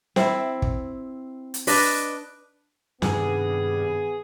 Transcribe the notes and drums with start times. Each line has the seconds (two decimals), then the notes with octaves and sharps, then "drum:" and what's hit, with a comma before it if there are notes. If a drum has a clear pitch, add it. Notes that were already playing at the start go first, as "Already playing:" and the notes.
0.16 C4 E4, drum: snare
0.62 drum: kick
1.54 drum: hi-hat
1.67 D4 B4 D5 D#5, drum: open hi-hat
3.02 G2 C3 D#3 B3 D4 G#4, drum: snare